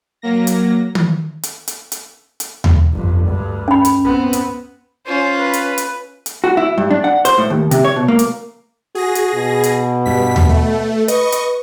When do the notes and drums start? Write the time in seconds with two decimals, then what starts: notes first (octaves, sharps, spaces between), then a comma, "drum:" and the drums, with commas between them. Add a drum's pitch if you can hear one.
0.22 F#3 A#3 A#6
0.47 drum: hi-hat
0.95 drum: tom D#3
1.43 drum: hi-hat
1.68 drum: hi-hat
1.92 drum: hi-hat
2.40 drum: hi-hat
2.64 drum: tom D#2
2.93 G1 F2
3.28 D2 G2
3.68 C#4 B5
3.85 drum: hi-hat
4.05 B3 C4
4.33 drum: hi-hat
5.06 C#4 F4 C5
5.38 B4
5.53 drum: hi-hat
5.78 drum: hi-hat
6.26 drum: hi-hat
6.44 F#4
6.57 E4
6.78 G2
6.91 D4
7.04 F#5
7.25 C5, drum: hi-hat
7.38 A2
7.50 D#2
7.71 C3, drum: hi-hat
7.85 C#5
7.96 B2
8.08 A#3
8.19 drum: hi-hat
8.95 F#4 G#4 A#6
9.15 drum: hi-hat
9.35 B2
9.63 drum: hi-hat
10.06 G2 B6
10.36 drum: tom D#2
10.49 A3
11.08 B4 D#5 C#6, drum: hi-hat
11.32 drum: hi-hat